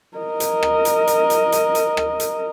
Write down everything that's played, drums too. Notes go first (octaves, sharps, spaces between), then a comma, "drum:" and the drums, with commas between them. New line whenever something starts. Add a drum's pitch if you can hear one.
A#4 D#5
drum: hi-hat
drum: rim click
drum: hi-hat
drum: hi-hat
drum: hi-hat
drum: hi-hat
drum: hi-hat
drum: rim click
drum: hi-hat